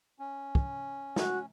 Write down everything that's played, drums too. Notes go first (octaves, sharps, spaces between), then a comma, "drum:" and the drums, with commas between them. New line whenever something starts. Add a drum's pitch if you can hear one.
C#4
drum: kick
F#4, drum: snare